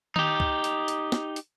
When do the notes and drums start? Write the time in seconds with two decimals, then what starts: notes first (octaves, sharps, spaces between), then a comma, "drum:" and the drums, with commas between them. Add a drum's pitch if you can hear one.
0.16 D#4 G4, drum: tom D#3
0.40 drum: kick
0.64 drum: hi-hat
0.88 drum: hi-hat
1.12 drum: snare
1.36 drum: hi-hat